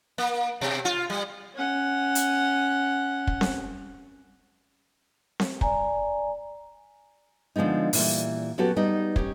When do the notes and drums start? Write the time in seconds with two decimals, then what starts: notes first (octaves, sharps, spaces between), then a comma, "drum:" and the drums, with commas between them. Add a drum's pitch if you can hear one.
0.18 A#3
0.61 B2
0.85 F4
1.10 G3
1.55 C#4 F#5
2.15 drum: hi-hat
3.27 drum: kick
3.41 drum: snare C4
5.40 drum: snare C4
5.61 D5 G#5 A#5, drum: kick
7.56 D3 F3 G#3 B3 D#4
7.93 A#2 E3 G3, drum: open hi-hat
8.58 F#3 B3 C#4 F#4 G4 A4
8.76 G3 B3 D#4 D#5
9.16 C#4 G4 C#5, drum: kick